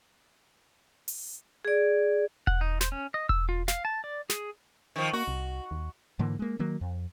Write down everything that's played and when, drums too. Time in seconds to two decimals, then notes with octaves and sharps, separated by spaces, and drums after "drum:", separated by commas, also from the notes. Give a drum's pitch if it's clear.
1.08 drum: open hi-hat
1.65 G#4 D5
2.47 F#5, drum: kick E1
2.61 D#4
2.81 C5, drum: snare
2.92 C#4
3.14 D#5
3.29 E6, drum: kick E1
3.49 F4
3.68 F5, drum: snare
3.85 A5
4.04 D5
4.30 G#4, drum: snare
4.96 D#3 F3
5.13 A#3 F#4
5.28 C2
5.71 D#2
6.19 G#2 D3 E3 A#3
6.39 G#3 A#3
6.59 D#3 F#3 A#3
6.81 F2